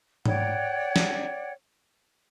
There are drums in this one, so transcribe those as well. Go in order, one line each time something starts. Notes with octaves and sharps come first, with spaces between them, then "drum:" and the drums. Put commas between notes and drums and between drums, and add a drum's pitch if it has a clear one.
C#5 D5 F#5 G5, drum: tom G#2
drum: snare